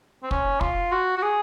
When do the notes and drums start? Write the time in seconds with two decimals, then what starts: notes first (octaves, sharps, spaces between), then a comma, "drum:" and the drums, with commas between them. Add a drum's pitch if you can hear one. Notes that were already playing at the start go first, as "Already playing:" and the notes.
0.23 C4
0.31 C#4, drum: kick
0.61 F4, drum: kick
0.92 F#4
1.18 F#4
1.22 G#4